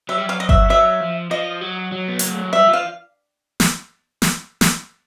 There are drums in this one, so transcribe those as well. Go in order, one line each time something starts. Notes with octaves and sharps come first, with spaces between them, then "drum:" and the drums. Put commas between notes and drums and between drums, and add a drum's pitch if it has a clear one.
F#3 E5
G3
F#3 F5
D#5
E5, drum: kick G1
F#3 E5
F3
F3 D#5
F#3
F#3
B3
A#3, drum: hi-hat
A3
G#3
G3 E5
F3
F5
drum: snare
drum: snare
drum: snare